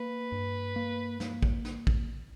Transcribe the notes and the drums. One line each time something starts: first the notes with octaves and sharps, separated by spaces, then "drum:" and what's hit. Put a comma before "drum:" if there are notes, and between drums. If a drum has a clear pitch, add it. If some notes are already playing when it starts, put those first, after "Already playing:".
Already playing: A#3 B4
G2
A#3
A#3, drum: snare
drum: kick
drum: snare
drum: kick